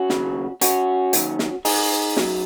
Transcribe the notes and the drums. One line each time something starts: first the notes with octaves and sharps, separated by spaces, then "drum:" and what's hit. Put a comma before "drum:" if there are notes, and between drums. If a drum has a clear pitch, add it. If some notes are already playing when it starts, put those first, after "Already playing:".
Already playing: C#4 F#4
D#2 C#3 F#3, drum: snare
C#4 F#4, drum: hi-hat
D#2 D#3 F#3, drum: hi-hat
drum: snare
D#4 G#4, drum: open hi-hat
F#2 F#3, drum: snare